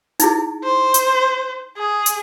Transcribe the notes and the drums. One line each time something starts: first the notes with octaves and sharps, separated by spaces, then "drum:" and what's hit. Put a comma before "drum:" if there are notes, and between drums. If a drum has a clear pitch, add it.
D#4 E4 G#4, drum: hi-hat
C5
drum: hi-hat
G#4
drum: hi-hat